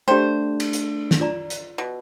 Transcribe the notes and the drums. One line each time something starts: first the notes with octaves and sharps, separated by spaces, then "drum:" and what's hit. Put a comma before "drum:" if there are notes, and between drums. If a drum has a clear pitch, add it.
A3 D4 G4 C5 G5
drum: cymbal
drum: hi-hat
drum: snare
F4 D5 A#5
drum: hi-hat
B2